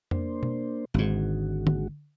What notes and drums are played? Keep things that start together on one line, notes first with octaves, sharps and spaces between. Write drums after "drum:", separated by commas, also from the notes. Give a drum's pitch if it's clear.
A#3 D4 C5, drum: tom F2
drum: tom B2
G#1 G#2 D3 G#3 F#4
drum: tom D3